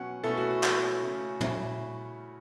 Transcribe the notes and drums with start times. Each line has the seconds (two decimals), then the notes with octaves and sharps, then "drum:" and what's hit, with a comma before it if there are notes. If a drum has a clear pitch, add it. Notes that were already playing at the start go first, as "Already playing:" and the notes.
Already playing: B2 F#3 C#4 F#5
0.24 B2 A3 C#4 E4 A4
0.37 F#4
0.51 F#4
0.63 drum: clap
1.02 C#3 A3 C#4
1.40 E4, drum: tom